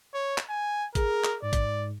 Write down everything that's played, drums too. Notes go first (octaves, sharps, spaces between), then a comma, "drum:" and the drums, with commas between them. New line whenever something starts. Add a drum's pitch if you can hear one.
C#5
drum: clap
G#5
G#4 A#4, drum: kick A1, hi-hat
drum: clap
G#2 D5
drum: kick A1, hi-hat